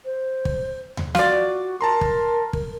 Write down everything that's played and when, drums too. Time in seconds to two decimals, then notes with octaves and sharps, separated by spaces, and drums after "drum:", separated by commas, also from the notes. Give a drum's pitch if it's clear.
0.05 C5
0.45 drum: kick
0.97 drum: tom D#2
1.15 F4 F#4 D5, drum: snare
1.81 A#4 A5 A#5 C6
2.01 drum: kick
2.53 drum: kick